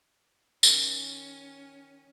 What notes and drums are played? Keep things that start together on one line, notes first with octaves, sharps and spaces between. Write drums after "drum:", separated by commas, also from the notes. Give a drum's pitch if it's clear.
D#3 C#4, drum: tambourine